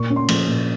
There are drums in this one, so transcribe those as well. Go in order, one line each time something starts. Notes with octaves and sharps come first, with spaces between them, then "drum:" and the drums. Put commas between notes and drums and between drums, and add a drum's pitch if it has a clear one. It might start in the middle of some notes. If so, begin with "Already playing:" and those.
Already playing: A#2 C#6
C#4
C6
F3 C6, drum: cymbal
A#2